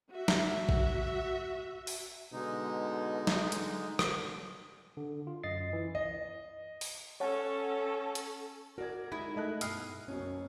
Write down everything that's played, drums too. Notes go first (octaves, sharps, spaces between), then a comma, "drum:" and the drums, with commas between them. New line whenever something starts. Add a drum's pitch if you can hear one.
F#4 E5
drum: snare
drum: kick A1
drum: open hi-hat
B2 D3 G#3 D#4
drum: snare
drum: hi-hat
drum: rim click
D3
F4
F#2 D#5 A6 C7
E3
D#5
drum: open hi-hat
C#4 A4 C#5 F#5 A5
drum: hi-hat
F#4 A#4 D5 G#6
G#3 D#4 E4 G#4
A3 D#5 F#6
G2 B2 D#6 F6 C7, drum: hi-hat
F#1 B1 F#2 C#4